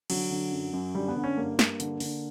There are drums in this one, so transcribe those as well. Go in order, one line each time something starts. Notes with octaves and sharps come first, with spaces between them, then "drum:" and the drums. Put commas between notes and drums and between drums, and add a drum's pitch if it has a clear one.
D3 F#3, drum: cymbal
D3
F#2
F#2
D3 G3
B3
D3
C#4
G2 A#3
G2, drum: snare
D3, drum: hi-hat
D3, drum: open hi-hat